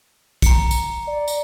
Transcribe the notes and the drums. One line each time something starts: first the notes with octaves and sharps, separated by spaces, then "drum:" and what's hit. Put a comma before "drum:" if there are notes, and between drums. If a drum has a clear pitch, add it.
A#5 C#7, drum: kick, tambourine
drum: tambourine
D5
drum: tambourine